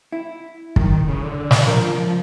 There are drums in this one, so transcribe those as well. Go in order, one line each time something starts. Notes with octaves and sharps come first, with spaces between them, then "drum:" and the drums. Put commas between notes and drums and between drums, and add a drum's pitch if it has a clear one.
E4
D#3, drum: kick
C#3
D3
drum: snare
C#2 F3 A#4